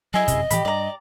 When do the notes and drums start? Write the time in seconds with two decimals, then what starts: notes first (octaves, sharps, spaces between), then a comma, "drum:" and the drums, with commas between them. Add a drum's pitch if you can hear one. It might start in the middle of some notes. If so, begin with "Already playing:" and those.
0.14 F#3 E4 G#4 D#5
0.28 F#2 C3, drum: kick, hi-hat
0.50 A2 E3 F3 G4 B5, drum: hi-hat
0.65 G2 D5 A#5